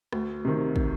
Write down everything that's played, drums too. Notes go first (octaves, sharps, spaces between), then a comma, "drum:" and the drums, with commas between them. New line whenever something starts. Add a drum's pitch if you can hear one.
D2, drum: rim click
C3 D#3
drum: kick